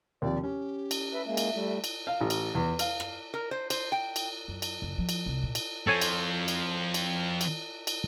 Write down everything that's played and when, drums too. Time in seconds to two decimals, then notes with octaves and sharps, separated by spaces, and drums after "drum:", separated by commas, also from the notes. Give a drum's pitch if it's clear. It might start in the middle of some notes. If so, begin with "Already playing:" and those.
0.22 D#2 C3 F3 D5
0.43 C#4 G4
0.91 drum: cymbal
1.14 B4 E5
1.27 G#3 A#3 E5
1.37 drum: cymbal
1.53 G3 A3
1.84 drum: cymbal
2.07 F5
2.21 A1
2.30 drum: cymbal
2.55 E2
2.79 F5, drum: cymbal
3.00 drum: rim click
3.34 A#4
3.51 C5
3.70 C5, drum: cymbal
3.92 G5
4.16 drum: cymbal
4.48 F#2
4.62 drum: cymbal
4.82 F#1
4.98 F3
5.09 drum: cymbal
5.26 C2
5.43 A#2
5.55 drum: cymbal
5.87 F3 C4 A4 C#5 G#5
6.02 drum: cymbal
6.48 drum: cymbal
6.94 drum: cymbal
7.41 drum: cymbal
7.87 drum: cymbal